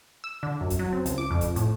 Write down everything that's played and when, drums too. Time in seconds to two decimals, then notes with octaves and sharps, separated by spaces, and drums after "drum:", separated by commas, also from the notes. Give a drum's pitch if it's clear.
0.24 E6
0.43 D3
0.61 F#2
0.70 drum: kick, hi-hat
0.79 F#3
0.93 C4
1.06 C#2, drum: hi-hat
1.18 D6
1.31 F2
1.41 drum: kick, hi-hat
1.56 A2, drum: hi-hat